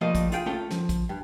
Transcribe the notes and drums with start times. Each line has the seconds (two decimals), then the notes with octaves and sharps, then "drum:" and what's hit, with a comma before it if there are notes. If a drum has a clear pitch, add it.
0.01 F3 G3 A3 A#3 D#5 F5
0.15 drum: kick, hi-hat
0.32 F4 G#4 F5 G5, drum: hi-hat
0.46 A3 C#4 F4 A4 G5
0.71 F3, drum: snare
0.89 drum: kick, hi-hat
1.09 G2